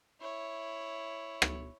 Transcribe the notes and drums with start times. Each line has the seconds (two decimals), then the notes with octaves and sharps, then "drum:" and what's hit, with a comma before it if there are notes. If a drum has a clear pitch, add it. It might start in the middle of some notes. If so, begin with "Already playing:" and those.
0.20 E4 C#5
1.42 drum: rim click